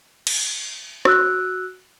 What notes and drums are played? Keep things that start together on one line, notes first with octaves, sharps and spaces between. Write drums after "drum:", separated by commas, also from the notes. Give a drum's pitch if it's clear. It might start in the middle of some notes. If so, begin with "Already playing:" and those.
drum: cymbal
F#4 E6 F#6, drum: rim click